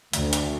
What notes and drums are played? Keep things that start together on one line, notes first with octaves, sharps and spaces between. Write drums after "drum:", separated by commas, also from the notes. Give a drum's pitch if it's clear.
D2, drum: hi-hat
drum: hi-hat